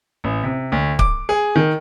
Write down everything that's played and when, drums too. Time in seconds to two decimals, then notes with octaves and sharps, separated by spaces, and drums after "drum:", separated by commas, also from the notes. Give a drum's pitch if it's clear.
0.24 A1
0.43 C3
0.72 D2
0.99 D6, drum: kick C#1
1.29 G#4
1.56 D#3